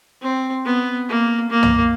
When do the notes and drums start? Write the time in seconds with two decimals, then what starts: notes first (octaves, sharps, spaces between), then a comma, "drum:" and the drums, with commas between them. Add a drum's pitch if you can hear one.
0.22 C4
0.65 B3
1.09 A#3
1.51 A#3
1.63 drum: tom